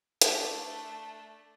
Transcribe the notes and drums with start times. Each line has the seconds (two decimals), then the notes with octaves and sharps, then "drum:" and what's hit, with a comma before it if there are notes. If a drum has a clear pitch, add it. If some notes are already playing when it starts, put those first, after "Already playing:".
0.22 A3 D4, drum: hi-hat